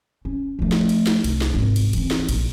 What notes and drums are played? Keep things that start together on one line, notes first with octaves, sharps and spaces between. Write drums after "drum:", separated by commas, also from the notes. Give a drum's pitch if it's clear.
C#4
F3 A3
drum: snare
drum: cymbal
drum: snare
C2, drum: cymbal
drum: snare
G#1 C3
drum: cymbal
E3 C4, drum: cymbal
drum: snare
A#1, drum: cymbal